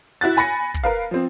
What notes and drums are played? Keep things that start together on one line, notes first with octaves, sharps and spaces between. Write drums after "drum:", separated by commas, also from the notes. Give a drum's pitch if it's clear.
E4 F#4 F#6 A6
G#5 B5 A#6 C#7
drum: kick
A#4 B4 F5
F3 C4